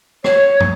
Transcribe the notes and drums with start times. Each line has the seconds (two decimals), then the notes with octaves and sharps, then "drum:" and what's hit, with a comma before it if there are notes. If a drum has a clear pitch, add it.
0.24 C#5, drum: rim click
0.60 drum: tom